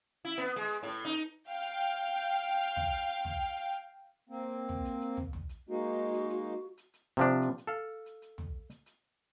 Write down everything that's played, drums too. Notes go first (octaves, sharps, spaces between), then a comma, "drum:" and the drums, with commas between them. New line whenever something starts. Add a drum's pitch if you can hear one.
E4
B3, drum: hi-hat
G#3
A2
D#4
drum: hi-hat
F5 G5
drum: hi-hat
drum: hi-hat
drum: hi-hat
drum: hi-hat
drum: tom
drum: hi-hat
drum: hi-hat
drum: tom
drum: hi-hat
drum: hi-hat
A#3 C4
drum: tom
drum: hi-hat
drum: hi-hat
drum: tom
drum: tom
drum: hi-hat
G#3 A#3 D#4 F#4
drum: hi-hat
drum: hi-hat
drum: hi-hat
drum: hi-hat
C3 F3 D4
drum: hi-hat
drum: hi-hat
A4 F5
drum: hi-hat
drum: hi-hat
drum: tom
drum: hi-hat
drum: hi-hat